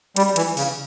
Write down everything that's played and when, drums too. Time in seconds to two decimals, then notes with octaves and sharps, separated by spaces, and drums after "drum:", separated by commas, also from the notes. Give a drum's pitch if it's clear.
0.16 G3, drum: hi-hat
0.36 E3, drum: hi-hat
0.57 C#3, drum: open hi-hat